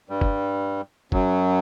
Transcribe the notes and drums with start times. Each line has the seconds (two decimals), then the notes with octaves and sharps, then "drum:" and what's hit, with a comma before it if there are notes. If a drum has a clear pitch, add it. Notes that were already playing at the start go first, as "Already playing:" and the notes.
0.09 G2 G3
0.21 drum: kick F#1
1.12 F#2 F#3, drum: kick F#1